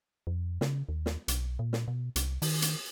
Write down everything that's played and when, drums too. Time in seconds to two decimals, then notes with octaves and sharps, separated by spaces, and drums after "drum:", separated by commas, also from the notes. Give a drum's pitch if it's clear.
0.27 F2
0.61 C#3, drum: snare
0.89 D#2
1.06 drum: snare
1.28 B1, drum: hi-hat
1.59 A#2
1.73 drum: snare
1.88 B2
2.16 C2, drum: hi-hat
2.42 D#3, drum: open hi-hat
2.62 drum: hi-hat